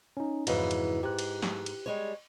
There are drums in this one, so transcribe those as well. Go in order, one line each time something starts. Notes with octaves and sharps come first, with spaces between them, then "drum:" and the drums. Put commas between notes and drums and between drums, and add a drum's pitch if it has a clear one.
C#4 D#4
F2 G#2 C#3 E3 F#4, drum: cymbal
drum: cymbal
G#2 G4 F#6
drum: cymbal
drum: snare
drum: cymbal
G3 G#3 C#5